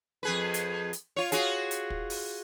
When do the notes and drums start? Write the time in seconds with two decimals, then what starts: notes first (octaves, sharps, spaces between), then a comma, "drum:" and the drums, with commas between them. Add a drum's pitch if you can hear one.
0.23 F2 G#4 B4
0.54 drum: hi-hat
0.93 drum: hi-hat
1.16 F4 C#5
1.32 F4 F#4 G#4, drum: hi-hat
1.71 drum: hi-hat
1.90 drum: kick
2.10 drum: open hi-hat